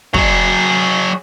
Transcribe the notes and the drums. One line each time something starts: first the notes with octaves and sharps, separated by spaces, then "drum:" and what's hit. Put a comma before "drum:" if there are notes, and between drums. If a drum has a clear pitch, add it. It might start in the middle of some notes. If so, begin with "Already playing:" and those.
F#3 G#4, drum: kick